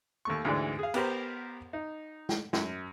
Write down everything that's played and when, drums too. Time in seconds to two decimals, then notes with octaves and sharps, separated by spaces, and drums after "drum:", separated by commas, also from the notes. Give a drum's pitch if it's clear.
0.25 D#2 A3 C#6
0.45 D2 G#2 D3 E3 G#3 D5
0.79 G#4 F5
0.94 B3 G4 A#4 C5, drum: cymbal
1.73 D#4
2.29 drum: snare
2.53 F#2, drum: snare